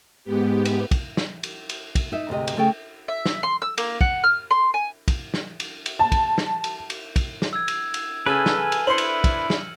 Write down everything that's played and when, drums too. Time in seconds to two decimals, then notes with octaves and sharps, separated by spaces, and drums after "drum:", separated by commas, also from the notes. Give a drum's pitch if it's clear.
0.24 G#2 B3 G4
0.65 drum: cymbal
0.91 drum: kick, cymbal
1.17 drum: snare
1.43 drum: cymbal
1.69 drum: cymbal
1.95 drum: kick, cymbal
2.12 D#4 E5
2.29 D2 G#2 C3 D#5
2.47 drum: cymbal
2.57 C#3 A3 G#4 A4 G5
3.08 E5
3.26 drum: snare
3.43 C6
3.62 E6
3.78 A#3, drum: cymbal
4.01 F#5, drum: kick
4.24 F6
4.51 C6
4.74 G#5
5.08 drum: kick, cymbal
5.34 drum: snare
5.60 drum: cymbal
5.86 drum: cymbal
5.99 A5
6.12 drum: kick, cymbal
6.38 drum: snare
6.64 drum: cymbal
6.90 drum: cymbal
7.16 drum: kick, cymbal
7.42 drum: snare
7.53 E6 G#6
7.68 drum: cymbal
7.94 drum: cymbal
8.26 C#3 A4 B4 G#5 F6 D#7
8.46 drum: snare
8.72 drum: cymbal
8.87 D4 E4 C5 C6 C#7 F#7
8.98 drum: cymbal
9.24 drum: kick, cymbal
9.50 drum: snare